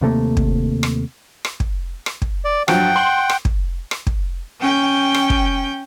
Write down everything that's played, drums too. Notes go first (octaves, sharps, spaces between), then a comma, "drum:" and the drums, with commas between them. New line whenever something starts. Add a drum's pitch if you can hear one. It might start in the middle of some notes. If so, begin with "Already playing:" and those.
D#2 C3 A3 A#3
drum: kick
drum: rim click
drum: rim click
drum: kick
drum: rim click
drum: kick
D5
G2 F3 F#3 F#5 G5, drum: rim click
C6 F#7
drum: rim click
drum: kick
drum: rim click
drum: kick
C#4 G5
drum: rim click
drum: kick